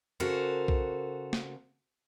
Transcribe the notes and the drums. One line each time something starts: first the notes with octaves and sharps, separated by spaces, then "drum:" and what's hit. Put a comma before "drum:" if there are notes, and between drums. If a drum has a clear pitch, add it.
C#3 F#4 A4 A#4 C5
drum: kick B1
drum: snare